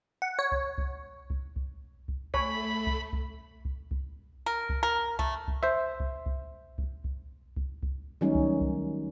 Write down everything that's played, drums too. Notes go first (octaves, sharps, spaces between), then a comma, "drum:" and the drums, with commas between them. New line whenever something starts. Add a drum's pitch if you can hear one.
F#5
C#5
drum: kick C2
drum: kick C2
drum: kick C2
drum: kick C2
drum: kick C2
A3 C#5 B5, drum: kick C2
drum: kick C2
drum: kick C2
drum: kick C2
drum: kick C2
A#4
drum: kick C2
A#4
A3, drum: kick C2
drum: kick C2
C5 E5
drum: kick C2
drum: kick C2
drum: kick C2
drum: kick C2
drum: kick C2
drum: kick C2
D#3 F#3 G3 A3 C#4 D#4
drum: kick C2
drum: kick C2